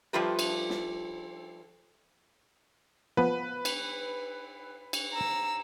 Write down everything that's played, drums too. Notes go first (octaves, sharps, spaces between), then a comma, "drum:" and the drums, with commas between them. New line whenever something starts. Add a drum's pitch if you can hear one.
F3 G3 A3 F4 G4 B4
drum: cymbal
drum: snare
F3 B3 B4
drum: cymbal
drum: cymbal
A#5 E6